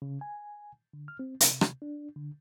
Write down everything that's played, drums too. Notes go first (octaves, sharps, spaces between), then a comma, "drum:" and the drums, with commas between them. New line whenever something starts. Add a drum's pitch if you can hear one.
C#3
G#5
D3
F6
C4
C3, drum: hi-hat
drum: rim click
D4
D3